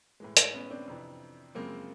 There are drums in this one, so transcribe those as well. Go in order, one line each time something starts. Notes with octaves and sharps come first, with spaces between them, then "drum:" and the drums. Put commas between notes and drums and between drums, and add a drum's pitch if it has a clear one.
A2 E3 G#3
drum: hi-hat
B3 C#4
C4 D4
F2 C3 E3
F#2 C#3 F3 G#3 A#3 C4